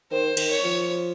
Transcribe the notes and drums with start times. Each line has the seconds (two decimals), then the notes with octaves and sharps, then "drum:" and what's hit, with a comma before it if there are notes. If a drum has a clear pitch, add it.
0.11 D#3 C5
0.37 D#3, drum: cymbal
0.50 C#5
0.64 F3